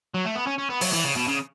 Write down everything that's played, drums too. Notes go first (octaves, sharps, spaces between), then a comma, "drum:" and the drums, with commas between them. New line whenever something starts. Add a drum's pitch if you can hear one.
F#3
A3
B3
C#4
C#4
B3
F#3, drum: open hi-hat
E3
C#3
B2
C#3